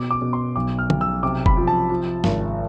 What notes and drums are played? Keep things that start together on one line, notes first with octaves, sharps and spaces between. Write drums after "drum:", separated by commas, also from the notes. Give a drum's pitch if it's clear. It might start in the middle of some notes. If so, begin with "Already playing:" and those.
Already playing: B2 D6
D6
B2
C6
B1 D6
F6
B1, drum: tom
E6
C3 D6
B5, drum: kick F#1
F3
A5
F3
G#1, drum: snare